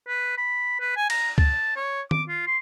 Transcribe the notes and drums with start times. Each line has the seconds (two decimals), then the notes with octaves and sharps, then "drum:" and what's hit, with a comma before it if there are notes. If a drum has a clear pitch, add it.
0.07 B4
0.38 B5
0.80 B4
0.96 G#5
1.10 A#5, drum: cymbal
1.38 A5, drum: kick C#2
1.76 C#5
2.11 D6, drum: tom D#3
2.29 F4
2.47 C6